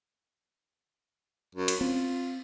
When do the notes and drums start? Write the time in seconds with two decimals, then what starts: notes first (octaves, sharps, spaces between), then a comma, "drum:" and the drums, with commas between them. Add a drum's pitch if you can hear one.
1.55 F#2
1.68 drum: cymbal
1.81 C4 F4